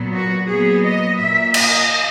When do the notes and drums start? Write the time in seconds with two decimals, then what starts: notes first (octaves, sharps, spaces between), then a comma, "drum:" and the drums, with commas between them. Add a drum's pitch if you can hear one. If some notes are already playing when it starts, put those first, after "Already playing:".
Already playing: A#2 F#3 B3
0.13 F#4
0.48 A#2 F#3 B3 G#4
0.84 D#5
1.19 A#2 A#3 E5
1.54 D#5, drum: cymbal